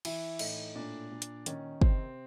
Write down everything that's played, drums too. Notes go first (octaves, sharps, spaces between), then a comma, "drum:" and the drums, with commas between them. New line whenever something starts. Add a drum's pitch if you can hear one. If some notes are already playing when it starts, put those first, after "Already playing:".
E3 E4, drum: cymbal
A2 D#4, drum: cymbal
A#2 D4
A#2
drum: hi-hat
D#3 C#4, drum: hi-hat
C3 C4, drum: kick